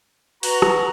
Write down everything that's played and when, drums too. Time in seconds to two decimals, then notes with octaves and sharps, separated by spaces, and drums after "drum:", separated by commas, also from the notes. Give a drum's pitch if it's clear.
0.43 F#4 B4 A#5, drum: open hi-hat
0.62 drum: rim click